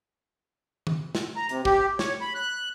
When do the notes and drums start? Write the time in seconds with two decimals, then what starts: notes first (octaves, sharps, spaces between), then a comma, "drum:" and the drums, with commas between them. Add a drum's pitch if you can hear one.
0.87 drum: tom D#3
1.15 drum: snare
1.36 A#5
1.49 C3, drum: hi-hat
1.65 G4, drum: kick
1.99 C#5, drum: snare
2.21 B5
2.35 F#6